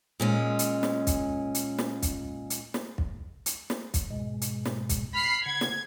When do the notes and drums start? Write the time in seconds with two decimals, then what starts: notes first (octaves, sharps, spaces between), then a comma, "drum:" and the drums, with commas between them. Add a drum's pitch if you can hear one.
0.20 A#2 G#3 C#4
0.59 drum: hi-hat
0.83 drum: snare
1.07 drum: kick, hi-hat
1.55 drum: hi-hat
1.78 drum: snare
2.02 drum: kick, hi-hat
2.50 drum: hi-hat
2.74 drum: snare
2.98 drum: kick
3.46 drum: hi-hat
3.70 drum: snare
3.94 drum: kick, hi-hat
4.11 G#2 B2 G#3
4.42 drum: hi-hat
4.65 drum: snare
4.89 drum: kick, hi-hat
5.13 B5 F6 C7
5.46 C#3 F#5 G#6
5.61 drum: snare